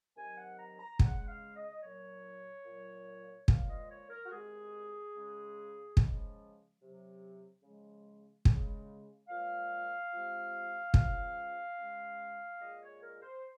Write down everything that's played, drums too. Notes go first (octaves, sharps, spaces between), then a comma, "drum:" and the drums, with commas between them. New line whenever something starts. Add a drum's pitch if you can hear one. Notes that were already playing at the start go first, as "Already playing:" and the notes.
C3 D#3 F#3 G#5
F#5
A#5
A#5
C#3 G#3 F#5, drum: kick
F5
D#5
A#2 F#3 C#5
A#2 F#3
A#2 F3 G#3 F5, drum: kick
D#5
C#5
A#4
F#4
C3 D#3 G#3 G#4
C#3 G#3
C#3 F3 G#3, drum: kick
C3 F#3
C#3 F3 G#3
C#3 G#3, drum: kick
A#2 F3 G#3 F5
C3 F3 G#3
C#3 F3 G#3, drum: kick
C#3 G#3
A#2 G#3 D#5
C#5
A#4
C5